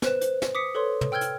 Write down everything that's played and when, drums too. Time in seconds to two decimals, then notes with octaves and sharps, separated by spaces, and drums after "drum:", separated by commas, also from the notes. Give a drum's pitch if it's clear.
0.02 B4 C5 F#6 E7, drum: snare
0.21 C5, drum: hi-hat
0.42 drum: snare
0.55 D6 D#6 B6 C#7
0.75 A4 B4 C#5 C6
1.01 drum: tom
1.12 G5 E6 F6 G6 G#6 G7
1.21 drum: hi-hat